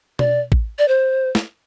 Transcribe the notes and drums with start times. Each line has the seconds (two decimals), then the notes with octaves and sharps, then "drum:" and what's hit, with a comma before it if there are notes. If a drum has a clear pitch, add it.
0.19 D5, drum: tom B2
0.52 drum: kick A1
0.79 D5
0.88 C5
1.35 drum: snare